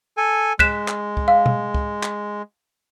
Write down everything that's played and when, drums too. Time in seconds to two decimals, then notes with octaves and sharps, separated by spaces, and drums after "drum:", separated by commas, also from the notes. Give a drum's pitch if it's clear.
0.17 A4 G#5
0.59 G#3 F#6 B6 E7, drum: kick
0.88 drum: clap
1.17 drum: kick
1.28 F5
1.46 drum: tom B2
1.74 drum: kick
2.03 drum: clap